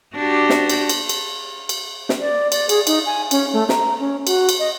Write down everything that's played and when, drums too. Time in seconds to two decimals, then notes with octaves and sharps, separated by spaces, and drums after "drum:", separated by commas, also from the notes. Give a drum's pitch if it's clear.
0.15 D4 F#4 G4
0.50 drum: snare
0.69 drum: cymbal
0.89 drum: cymbal
1.09 drum: cymbal
1.69 drum: cymbal
2.09 drum: snare
2.21 D5
2.52 D5, drum: cymbal
2.69 G#4, drum: cymbal
2.87 D#4, drum: cymbal
3.06 G#5
3.31 C#4, drum: cymbal
3.53 A3
3.69 A#5, drum: snare
4.00 C#4
4.27 F#4, drum: cymbal
4.49 drum: cymbal
4.59 D#5